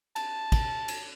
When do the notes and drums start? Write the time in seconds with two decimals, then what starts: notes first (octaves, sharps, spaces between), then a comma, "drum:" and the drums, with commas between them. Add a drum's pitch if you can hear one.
0.16 A5, drum: cymbal
0.52 drum: kick, cymbal
0.88 drum: cymbal